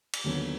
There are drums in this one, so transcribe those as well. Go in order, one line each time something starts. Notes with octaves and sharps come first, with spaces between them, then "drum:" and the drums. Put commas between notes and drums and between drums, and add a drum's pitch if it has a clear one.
drum: cymbal
D#2 D3 F#3 B3